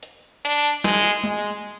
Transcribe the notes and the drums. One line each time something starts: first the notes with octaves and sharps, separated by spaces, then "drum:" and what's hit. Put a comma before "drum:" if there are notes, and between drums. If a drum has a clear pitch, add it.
drum: hi-hat
D4, drum: hi-hat
G#3, drum: snare
G#3, drum: tom G#3